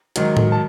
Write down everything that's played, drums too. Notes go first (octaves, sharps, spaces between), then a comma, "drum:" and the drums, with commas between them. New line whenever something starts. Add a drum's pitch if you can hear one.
G#2 D#3 F#3, drum: hi-hat
drum: tom A2
A5